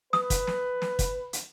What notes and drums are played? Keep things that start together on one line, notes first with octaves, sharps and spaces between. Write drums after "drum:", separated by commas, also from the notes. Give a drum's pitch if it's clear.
B4 D#6, drum: snare
drum: kick, hi-hat
drum: snare
drum: snare
drum: kick, hi-hat
drum: hi-hat